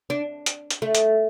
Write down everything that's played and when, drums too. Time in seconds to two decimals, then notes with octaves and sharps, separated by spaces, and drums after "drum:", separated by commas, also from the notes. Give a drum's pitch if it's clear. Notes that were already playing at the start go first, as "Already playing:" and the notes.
0.10 D4
0.46 drum: hi-hat
0.70 drum: hi-hat
0.82 A3
0.95 drum: hi-hat